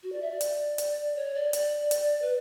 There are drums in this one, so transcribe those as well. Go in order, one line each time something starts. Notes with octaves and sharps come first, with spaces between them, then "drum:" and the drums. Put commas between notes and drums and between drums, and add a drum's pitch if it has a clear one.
F#4
D5
E5
D5
drum: hi-hat
drum: hi-hat
C#5
D5
D5, drum: hi-hat
drum: hi-hat
B4